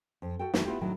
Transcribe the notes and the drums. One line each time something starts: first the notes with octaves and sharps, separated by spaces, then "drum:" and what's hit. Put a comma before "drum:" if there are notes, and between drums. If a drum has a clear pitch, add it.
F2
F#4 A4 G5
D#3 E3 A3 B3 F#4, drum: snare
B3 E4 F4 G4
A2 D#3 F#3 A3 D4 E4